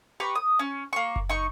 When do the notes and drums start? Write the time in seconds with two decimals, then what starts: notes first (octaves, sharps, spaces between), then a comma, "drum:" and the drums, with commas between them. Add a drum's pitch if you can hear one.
0.20 G4 B4 A#5 C#6
0.35 D#6
0.59 C#4
0.93 A#3 C#6
1.16 drum: kick F#1
1.29 D#4 C#6